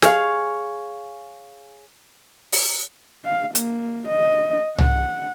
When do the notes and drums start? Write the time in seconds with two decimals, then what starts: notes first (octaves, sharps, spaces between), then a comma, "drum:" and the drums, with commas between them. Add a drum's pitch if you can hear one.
0.02 G#4 C#5 F5, drum: snare
2.52 drum: open hi-hat
3.25 F5
3.55 A#3, drum: hi-hat
4.08 D#5
4.78 F#5, drum: tom C2